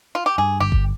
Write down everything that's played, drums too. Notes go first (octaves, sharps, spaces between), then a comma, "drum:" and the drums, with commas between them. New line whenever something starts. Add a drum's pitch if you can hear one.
F4
G4
G2 G#4
G1 G4
drum: kick G1